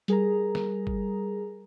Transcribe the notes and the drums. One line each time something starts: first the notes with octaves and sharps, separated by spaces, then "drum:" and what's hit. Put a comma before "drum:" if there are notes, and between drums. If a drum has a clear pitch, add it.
G3 G#4 A#4 A#5, drum: hi-hat
drum: snare
drum: kick G1